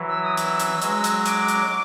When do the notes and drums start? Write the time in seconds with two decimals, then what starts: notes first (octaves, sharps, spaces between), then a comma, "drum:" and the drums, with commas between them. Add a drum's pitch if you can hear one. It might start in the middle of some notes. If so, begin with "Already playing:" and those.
Already playing: E3 F#3
0.08 E6
0.22 D#6
0.37 E6, drum: hi-hat
0.60 drum: hi-hat
0.82 F#3 G#3, drum: hi-hat
1.04 drum: hi-hat
1.26 D6, drum: hi-hat
1.48 drum: hi-hat